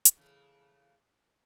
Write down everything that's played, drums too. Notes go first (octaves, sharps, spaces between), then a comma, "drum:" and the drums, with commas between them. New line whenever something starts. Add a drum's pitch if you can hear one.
drum: hi-hat
C#3 E3 A3